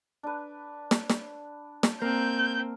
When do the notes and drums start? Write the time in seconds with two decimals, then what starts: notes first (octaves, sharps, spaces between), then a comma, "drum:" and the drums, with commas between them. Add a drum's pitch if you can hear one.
0.23 D4 B4
0.91 drum: snare
1.10 drum: snare
1.83 drum: snare
2.02 A#3 C4 A#4 G6